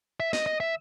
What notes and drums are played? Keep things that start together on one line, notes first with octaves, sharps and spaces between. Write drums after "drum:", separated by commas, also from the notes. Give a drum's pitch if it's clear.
E5
D#5, drum: snare
D#5
E5